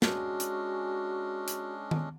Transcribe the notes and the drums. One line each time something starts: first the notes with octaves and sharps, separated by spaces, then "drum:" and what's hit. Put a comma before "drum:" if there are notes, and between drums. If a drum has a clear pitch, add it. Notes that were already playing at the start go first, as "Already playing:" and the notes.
G#3 C#4 D4 F#4, drum: snare
drum: hi-hat
drum: hi-hat
drum: tom D#3